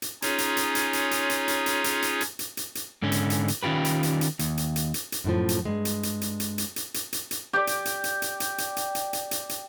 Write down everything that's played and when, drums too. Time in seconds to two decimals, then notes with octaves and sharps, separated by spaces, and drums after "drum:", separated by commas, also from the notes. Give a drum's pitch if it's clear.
0.02 drum: hi-hat
0.22 C#4 D#4 F4 G#4 C#5, drum: hi-hat
0.38 drum: hi-hat
0.57 drum: hi-hat
0.75 drum: hi-hat
0.93 drum: hi-hat
1.11 drum: hi-hat
1.30 drum: hi-hat
1.48 drum: hi-hat
1.66 drum: hi-hat
1.84 drum: hi-hat
2.02 drum: hi-hat
2.21 drum: hi-hat
2.39 drum: hi-hat
2.57 drum: hi-hat
2.75 drum: hi-hat
3.02 G#2 D3 C#4
3.12 drum: hi-hat
3.30 drum: hi-hat
3.48 drum: hi-hat
3.63 D#3 C#4 F4 G4 B4
3.85 drum: hi-hat
4.03 drum: hi-hat
4.21 drum: hi-hat
4.39 D#2, drum: hi-hat
4.57 drum: hi-hat
4.76 drum: hi-hat
4.94 drum: hi-hat
5.12 drum: hi-hat
5.24 F#2 A2 F3
5.49 drum: hi-hat
5.65 G2 G#3
5.85 drum: hi-hat
6.03 drum: hi-hat
6.21 drum: hi-hat
6.40 drum: hi-hat
6.58 drum: hi-hat
6.76 drum: hi-hat
6.94 drum: hi-hat
7.13 drum: hi-hat
7.31 drum: hi-hat
7.53 G4 D5
7.67 drum: hi-hat
7.85 drum: hi-hat
8.04 drum: hi-hat
8.22 drum: hi-hat
8.40 drum: hi-hat
8.58 drum: hi-hat
8.77 drum: hi-hat
8.95 drum: hi-hat
9.13 drum: hi-hat
9.31 drum: hi-hat
9.49 drum: hi-hat